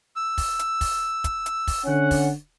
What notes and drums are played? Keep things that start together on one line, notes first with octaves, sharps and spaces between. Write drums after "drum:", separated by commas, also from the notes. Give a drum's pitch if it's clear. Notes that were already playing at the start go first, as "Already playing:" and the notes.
E6
drum: kick, open hi-hat
drum: hi-hat
drum: kick, open hi-hat
drum: kick, hi-hat
drum: hi-hat
drum: kick, open hi-hat
D3 C#4 F#5
drum: kick, open hi-hat